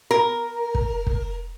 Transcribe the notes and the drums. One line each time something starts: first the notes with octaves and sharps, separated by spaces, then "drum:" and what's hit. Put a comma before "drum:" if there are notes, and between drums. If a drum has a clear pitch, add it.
A#4
drum: kick
drum: kick